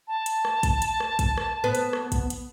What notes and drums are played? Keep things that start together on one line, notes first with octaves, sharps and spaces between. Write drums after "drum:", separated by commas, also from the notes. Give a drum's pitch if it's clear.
A5
drum: hi-hat
drum: rim click
drum: kick, hi-hat
drum: hi-hat
drum: rim click
drum: kick, hi-hat
drum: rim click
B3
drum: hi-hat
drum: rim click
drum: kick, hi-hat
drum: hi-hat